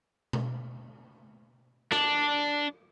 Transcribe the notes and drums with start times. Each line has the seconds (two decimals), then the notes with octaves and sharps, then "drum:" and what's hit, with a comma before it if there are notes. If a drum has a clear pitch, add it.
0.33 drum: tom B2
1.92 D4, drum: rim click